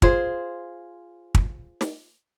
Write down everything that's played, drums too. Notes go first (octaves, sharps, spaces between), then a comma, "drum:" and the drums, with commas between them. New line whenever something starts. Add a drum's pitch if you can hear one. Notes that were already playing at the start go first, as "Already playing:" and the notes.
F4 G#4 C5, drum: kick
drum: kick
drum: snare